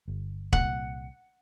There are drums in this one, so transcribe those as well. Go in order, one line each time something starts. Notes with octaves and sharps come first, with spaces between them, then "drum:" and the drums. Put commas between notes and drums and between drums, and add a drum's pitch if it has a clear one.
G1
C2 A#2 F#5, drum: kick